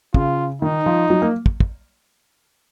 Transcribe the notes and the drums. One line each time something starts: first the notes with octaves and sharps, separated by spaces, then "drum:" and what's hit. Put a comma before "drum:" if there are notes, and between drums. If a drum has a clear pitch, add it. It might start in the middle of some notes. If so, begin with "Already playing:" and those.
C#3 F4, drum: kick
D#3 D#4
F3
F#3
A#3
drum: kick
drum: kick